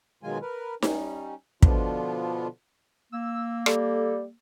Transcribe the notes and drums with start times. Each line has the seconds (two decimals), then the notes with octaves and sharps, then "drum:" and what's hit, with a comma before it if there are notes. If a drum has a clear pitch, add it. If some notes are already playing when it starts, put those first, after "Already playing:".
0.23 B2 D#3 F#3 G#3 F4 G#5
0.42 A#4 B4
0.82 G3 C#4 D#4, drum: snare D#4
1.63 B2 D3 F3 B3 D4 F4, drum: kick
3.12 A#3 E6
3.66 G3 A4, drum: rim click